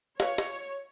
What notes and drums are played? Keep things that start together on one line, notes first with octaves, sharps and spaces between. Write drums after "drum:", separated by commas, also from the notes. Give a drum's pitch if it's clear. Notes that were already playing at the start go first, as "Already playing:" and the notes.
F4 B4 C#5 F5, drum: snare
drum: snare